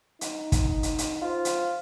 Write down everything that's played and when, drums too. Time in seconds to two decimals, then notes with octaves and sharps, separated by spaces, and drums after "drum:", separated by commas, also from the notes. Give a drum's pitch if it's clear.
0.21 D#4, drum: hi-hat
0.52 drum: kick, hi-hat
0.83 drum: hi-hat
0.98 drum: hi-hat
1.22 F4 C5
1.45 drum: hi-hat